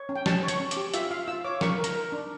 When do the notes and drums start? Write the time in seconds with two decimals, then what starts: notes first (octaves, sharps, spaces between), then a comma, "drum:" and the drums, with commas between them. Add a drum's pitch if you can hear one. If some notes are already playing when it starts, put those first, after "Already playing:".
Already playing: C#5
0.09 C#4
0.16 G5
0.26 C#4 A5, drum: snare
0.43 C#5
0.48 C#6, drum: hi-hat
0.60 C#4
0.71 D6, drum: hi-hat
0.77 G4
0.94 F4 E5, drum: hi-hat
1.11 F4 F5
1.27 F4 E6
1.44 C#5 D6
1.61 A#4 C#6, drum: snare
1.78 A#4
1.84 A#5, drum: hi-hat
1.95 A#4
2.12 D4